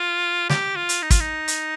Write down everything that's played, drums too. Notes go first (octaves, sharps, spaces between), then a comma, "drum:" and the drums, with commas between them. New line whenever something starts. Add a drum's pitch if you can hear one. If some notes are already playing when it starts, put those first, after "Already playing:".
Already playing: F4
G4, drum: snare
F4
drum: hi-hat
D#4
F4, drum: kick, hi-hat
D#4
drum: hi-hat